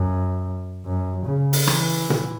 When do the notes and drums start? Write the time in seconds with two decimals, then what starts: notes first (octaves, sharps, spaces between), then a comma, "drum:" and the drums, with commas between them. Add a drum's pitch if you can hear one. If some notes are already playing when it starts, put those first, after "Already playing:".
Already playing: F#2
0.86 F#2
1.26 C#3
1.53 drum: open hi-hat
1.67 E3, drum: rim click
2.10 drum: tom A#2